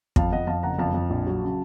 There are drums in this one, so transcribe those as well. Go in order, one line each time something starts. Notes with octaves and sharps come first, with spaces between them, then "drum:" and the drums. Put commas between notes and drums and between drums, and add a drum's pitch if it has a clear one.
F2 F5 A5, drum: kick
F2 D#5 F#5
F2 F5 A5
F#1 F#5 A#5
F2 F5 A5
F2
A#1
F#3
C#3